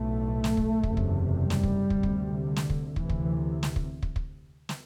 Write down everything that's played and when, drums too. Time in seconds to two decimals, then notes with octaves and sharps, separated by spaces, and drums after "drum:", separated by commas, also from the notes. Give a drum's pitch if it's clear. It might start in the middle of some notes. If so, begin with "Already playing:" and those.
Already playing: B1 A2 A3
0.44 drum: snare
0.57 drum: kick
0.83 F#1 E2 C3, drum: kick
0.97 drum: kick
1.37 G3
1.50 drum: snare
1.63 drum: kick
1.90 D2 C3, drum: kick
2.03 drum: kick
2.43 D3
2.56 drum: snare
2.70 drum: kick
2.96 D2 C3 E3, drum: kick
3.10 drum: kick
3.63 drum: snare
3.76 drum: kick
4.03 drum: kick
4.16 drum: kick
4.69 drum: snare